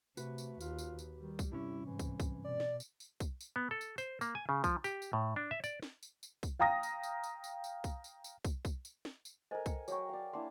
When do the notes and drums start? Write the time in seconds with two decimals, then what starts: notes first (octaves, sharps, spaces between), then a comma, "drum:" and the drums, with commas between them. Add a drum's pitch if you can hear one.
0.17 C3 A3 F#4 B4, drum: tambourine
0.38 drum: tambourine
0.61 D#2 F4, drum: tambourine
0.78 drum: tambourine
0.99 drum: tambourine
1.17 D#3 G3
1.39 drum: kick, tambourine
1.52 G2 C3 C#4 E4
1.85 G#2 E3
1.99 drum: kick, tambourine
2.20 drum: kick, tambourine
2.44 B2 D5
2.60 drum: snare
2.80 drum: tambourine
3.00 drum: tambourine
3.20 drum: kick, tambourine
3.41 drum: tambourine
3.56 B3
3.71 A4
3.81 drum: tambourine
3.98 C5, drum: tambourine
4.21 A#3, drum: tambourine
4.35 G#5
4.49 C#3
4.64 F3, drum: kick, tambourine
4.84 G4, drum: tambourine
5.02 drum: tambourine
5.13 A2
5.36 D4
5.51 E5
5.64 D5, drum: tambourine
5.82 drum: snare
6.03 drum: tambourine
6.23 drum: tambourine
6.43 drum: kick, tambourine
6.59 F5 G5 A#5 D#6 A#6
6.83 drum: tambourine
7.03 drum: tambourine
7.24 drum: tambourine
7.44 drum: tambourine
7.64 drum: tambourine
7.84 drum: kick, tambourine
8.04 drum: tambourine
8.24 drum: tambourine
8.45 drum: kick, tambourine
8.65 drum: kick, tambourine
8.85 drum: tambourine
9.05 drum: snare
9.25 drum: tambourine
9.51 A4 A#4 C5 D#5 G#5
9.66 G5, drum: kick, tambourine
9.88 F#3 G#4 G5 C#6, drum: tambourine
10.09 D5 F5
10.33 A#3 D4 E4 F#5 C6